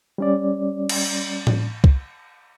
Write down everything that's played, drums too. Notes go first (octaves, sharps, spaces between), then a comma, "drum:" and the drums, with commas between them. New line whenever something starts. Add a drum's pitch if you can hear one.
G3 C#4 D5
drum: cymbal
drum: tom A2
drum: kick C2